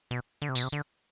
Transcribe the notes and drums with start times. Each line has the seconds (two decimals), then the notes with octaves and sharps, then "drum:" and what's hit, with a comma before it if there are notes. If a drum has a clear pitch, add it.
0.11 B2
0.42 D3
0.49 C3
0.55 B2, drum: tambourine
0.63 C3
0.72 D3